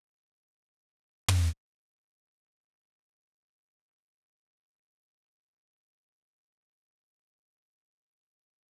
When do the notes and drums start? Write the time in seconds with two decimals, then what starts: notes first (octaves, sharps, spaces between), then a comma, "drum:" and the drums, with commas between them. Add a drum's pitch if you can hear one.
0.25 F#3 F4 A#4 B4
0.79 F#5 G5 C#6 F6
1.28 drum: tom
1.57 F1 G#2 G#3 F4 C6 F#6
2.27 E2 C#4 D4 F#4 F#5
3.33 C#5
3.70 G3
3.96 F4
4.30 A#3
4.44 G3
4.60 C6
4.81 G#4
4.96 B4
5.09 G#4
5.29 B5
5.89 F#3
6.64 C#6
7.31 C#5 E5
7.94 G5 A#5
8.24 F5